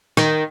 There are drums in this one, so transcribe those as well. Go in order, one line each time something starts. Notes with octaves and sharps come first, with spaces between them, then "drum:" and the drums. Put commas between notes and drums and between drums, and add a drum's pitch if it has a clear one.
D#3, drum: rim click